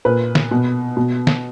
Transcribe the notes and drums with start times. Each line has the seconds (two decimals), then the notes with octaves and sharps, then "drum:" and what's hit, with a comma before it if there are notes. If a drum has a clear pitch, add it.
0.05 A#2 B4
0.35 drum: snare
0.51 B2
0.97 B2
1.27 drum: snare